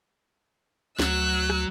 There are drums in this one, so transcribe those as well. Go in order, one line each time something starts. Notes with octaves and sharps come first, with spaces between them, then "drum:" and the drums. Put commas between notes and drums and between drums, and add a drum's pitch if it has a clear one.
D2 F#3 E6 F#6, drum: snare
drum: rim click